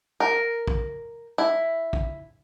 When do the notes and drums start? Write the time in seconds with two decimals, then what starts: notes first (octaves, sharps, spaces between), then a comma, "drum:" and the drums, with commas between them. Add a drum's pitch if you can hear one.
0.20 A#4
0.68 drum: kick
1.38 E4
1.93 drum: kick